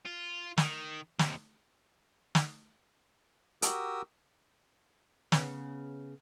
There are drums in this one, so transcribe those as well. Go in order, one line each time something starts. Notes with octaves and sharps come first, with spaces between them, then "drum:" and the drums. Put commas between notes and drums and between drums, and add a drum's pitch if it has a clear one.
F4
D#3, drum: snare
D#2 C3, drum: snare
drum: snare
F#4 G4 A#4 D#6 E6, drum: hi-hat
C#3 B3 C#4, drum: snare